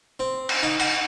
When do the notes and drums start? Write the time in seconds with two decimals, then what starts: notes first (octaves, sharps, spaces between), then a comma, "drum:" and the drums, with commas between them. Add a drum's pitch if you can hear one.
0.20 C4
0.49 drum: cymbal
0.63 D#4
0.80 F#5, drum: cymbal